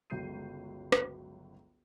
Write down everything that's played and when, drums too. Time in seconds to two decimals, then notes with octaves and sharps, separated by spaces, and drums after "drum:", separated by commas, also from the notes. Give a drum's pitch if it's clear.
0.10 G1 C#2 F#3 G6 C7 D#7
0.92 drum: rim click